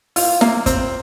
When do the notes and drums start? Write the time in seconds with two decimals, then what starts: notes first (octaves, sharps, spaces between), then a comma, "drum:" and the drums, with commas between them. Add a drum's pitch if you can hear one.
0.16 F4, drum: open hi-hat
0.41 A#3, drum: snare
0.66 C4, drum: kick, hi-hat